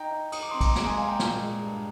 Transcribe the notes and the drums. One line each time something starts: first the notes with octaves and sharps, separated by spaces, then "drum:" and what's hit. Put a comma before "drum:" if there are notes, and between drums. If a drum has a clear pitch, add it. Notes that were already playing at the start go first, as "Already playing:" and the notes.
Already playing: D#4 G5 A#5
D#4
D#4 D#6, drum: cymbal
D6
C4 C6
A#5 D6, drum: kick A#1, cymbal
D#6
G#3 A#5 D6, drum: snare
G#5 C6
G#3 F5 G#5
G5 A#5
A#2, drum: snare
G#3
G2